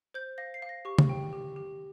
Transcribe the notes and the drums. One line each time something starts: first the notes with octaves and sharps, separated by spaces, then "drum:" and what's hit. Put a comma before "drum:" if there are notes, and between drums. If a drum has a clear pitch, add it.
C5 G6
F5 A#6
C7
F5
A#6
G4 C#6
drum: tom C#3
G5
G4
G4